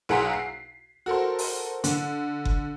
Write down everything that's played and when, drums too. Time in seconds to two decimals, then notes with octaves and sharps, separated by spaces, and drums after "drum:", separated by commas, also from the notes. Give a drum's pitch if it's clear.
0.09 B1 G#4 F#5 A#5 C6 B6
0.33 C7
1.06 F#4 A4 A#4 C5
1.39 drum: open hi-hat
1.84 D3, drum: hi-hat
2.45 drum: kick F#1